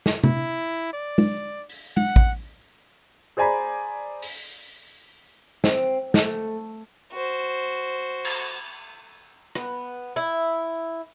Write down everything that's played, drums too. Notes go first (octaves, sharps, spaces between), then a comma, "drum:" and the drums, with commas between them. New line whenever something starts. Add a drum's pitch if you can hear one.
drum: snare
E4, drum: tom C3
D5
drum: tom
drum: open hi-hat
F#5, drum: tom
drum: kick A1
G#4 C5 D5 G#5 A#5 B5
drum: open hi-hat
C4, drum: snare
A3, drum: snare
F#4 C5
drum: cymbal
B3, drum: rim click
E4